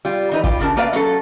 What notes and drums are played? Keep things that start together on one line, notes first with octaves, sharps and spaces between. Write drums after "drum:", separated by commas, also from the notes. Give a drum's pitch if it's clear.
G3 F4
E3 D#4 B4
F4 G4, drum: kick
C#3 D4 A#4 A5
A3 A#3 B4 D5 E5 F5
F#3 C#4 A4, drum: hi-hat